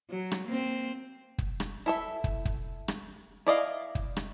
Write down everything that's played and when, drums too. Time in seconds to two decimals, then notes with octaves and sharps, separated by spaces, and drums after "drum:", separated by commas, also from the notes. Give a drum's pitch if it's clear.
0.10 F#3
0.31 drum: rim click
0.47 A#3 C4
1.38 drum: kick
1.60 drum: rim click
1.86 E4 A4 E5
2.24 drum: kick
2.45 drum: kick
2.88 drum: rim click
3.47 E4 D5 D#5 F5
3.95 drum: kick
4.16 drum: rim click